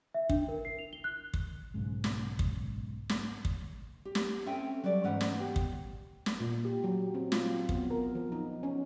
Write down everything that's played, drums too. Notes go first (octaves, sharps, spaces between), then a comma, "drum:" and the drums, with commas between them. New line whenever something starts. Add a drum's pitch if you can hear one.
E5
D4, drum: kick
A#4
C7
F7
G7
F#6
drum: kick
B1 G#2 C#3 G#3
drum: snare
drum: kick
drum: snare
drum: kick
G4
drum: snare
C4 C#4 A4 E5 G5 G#5
F#3 G3 A4 D5
G#2 E3 C#4 B4 F#5
drum: snare
B3 G4
drum: kick
drum: snare
A#2
G4
F#3
C4
F4, drum: snare
B3, drum: kick
A#4
F3
D#4
C#4